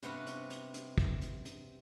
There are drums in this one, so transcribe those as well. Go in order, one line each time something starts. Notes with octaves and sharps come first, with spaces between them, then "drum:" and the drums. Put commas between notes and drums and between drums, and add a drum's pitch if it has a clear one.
G2 C3 B3 F#4 F5, drum: hi-hat
drum: hi-hat
drum: hi-hat
drum: hi-hat
drum: kick
drum: hi-hat
drum: hi-hat